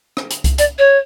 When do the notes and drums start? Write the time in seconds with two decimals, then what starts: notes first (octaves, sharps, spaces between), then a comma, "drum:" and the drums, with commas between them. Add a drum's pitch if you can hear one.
0.17 drum: rim click
0.31 drum: hi-hat
0.44 drum: kick C2, hi-hat
0.58 D5, drum: hi-hat
0.78 C#5